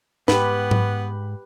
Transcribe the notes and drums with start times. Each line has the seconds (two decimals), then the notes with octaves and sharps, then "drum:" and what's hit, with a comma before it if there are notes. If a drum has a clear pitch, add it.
0.28 G#2 B3 G4 B4 B5, drum: snare
0.71 drum: tom G#2